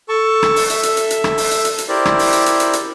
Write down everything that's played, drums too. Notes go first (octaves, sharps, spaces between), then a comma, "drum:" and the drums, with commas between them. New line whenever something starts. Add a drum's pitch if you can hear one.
A4 A5 C#6
drum: rim click
drum: open hi-hat
A4 E5, drum: hi-hat
drum: hi-hat
drum: hi-hat
drum: hi-hat
drum: rim click
drum: open hi-hat
drum: hi-hat
drum: hi-hat
drum: hi-hat
E4 G4 A#4 C5 D5
drum: rim click
drum: open hi-hat
drum: hi-hat
drum: hi-hat
drum: hi-hat
drum: hi-hat